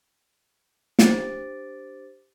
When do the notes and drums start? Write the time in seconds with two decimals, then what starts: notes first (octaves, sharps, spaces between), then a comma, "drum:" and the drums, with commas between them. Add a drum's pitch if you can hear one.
0.99 D4 G4 C5 D6 A6 D7, drum: snare